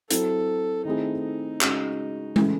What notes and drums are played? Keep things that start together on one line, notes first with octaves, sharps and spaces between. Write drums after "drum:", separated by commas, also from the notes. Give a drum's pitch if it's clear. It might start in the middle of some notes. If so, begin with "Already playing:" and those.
F#3 C4 E4 A4, drum: hi-hat
D#3 A3 C4 D#4 E4 G#4
D#4
C#3 G#3 C#4 F#4, drum: clap
C#3 E3 A3 C#4, drum: tom G#3